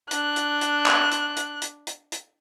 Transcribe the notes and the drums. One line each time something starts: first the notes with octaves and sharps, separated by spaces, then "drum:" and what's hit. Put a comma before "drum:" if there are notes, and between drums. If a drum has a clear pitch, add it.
D4 F#6, drum: hi-hat
drum: hi-hat
drum: hi-hat
drum: clap
drum: hi-hat
drum: hi-hat
drum: hi-hat
drum: hi-hat
drum: hi-hat